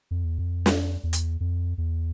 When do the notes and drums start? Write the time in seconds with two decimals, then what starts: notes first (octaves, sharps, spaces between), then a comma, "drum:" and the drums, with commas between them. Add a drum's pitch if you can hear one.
0.11 F2
0.24 E2
0.38 F2
0.66 drum: snare
1.03 E2
1.13 drum: hi-hat
1.40 F2
1.78 E2